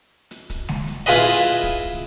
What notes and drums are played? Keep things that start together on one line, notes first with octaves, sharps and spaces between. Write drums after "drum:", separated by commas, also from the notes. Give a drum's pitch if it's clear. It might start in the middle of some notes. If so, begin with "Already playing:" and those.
drum: hi-hat
drum: kick, hi-hat
drum: snare
drum: hi-hat
E4 F4 G#4 B4 D#5, drum: hi-hat
drum: hi-hat
drum: hi-hat
drum: kick, hi-hat